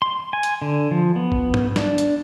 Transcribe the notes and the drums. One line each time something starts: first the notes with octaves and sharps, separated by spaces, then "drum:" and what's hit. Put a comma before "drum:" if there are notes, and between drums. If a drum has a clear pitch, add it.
C6
G#5
drum: hi-hat
D3
F3
B3
drum: kick A1
drum: tom G#2
D4, drum: snare
drum: hi-hat